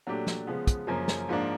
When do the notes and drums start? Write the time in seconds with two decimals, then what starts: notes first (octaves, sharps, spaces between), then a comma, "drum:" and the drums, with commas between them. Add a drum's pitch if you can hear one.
0.07 A#2 F#3 A3 D4 G4
0.27 drum: snare
0.47 C#3 F3 G#3 B3
0.67 drum: kick, hi-hat
0.87 F#2 C#3 F3 A#3 C#4
1.08 drum: snare
1.29 G#2 F3 A#3 D4